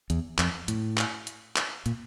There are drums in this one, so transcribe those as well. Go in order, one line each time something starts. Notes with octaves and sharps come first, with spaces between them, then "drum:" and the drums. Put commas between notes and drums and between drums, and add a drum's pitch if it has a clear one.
E2, drum: hi-hat
F2, drum: clap
A2, drum: hi-hat
drum: clap
drum: hi-hat
drum: clap
A#2, drum: hi-hat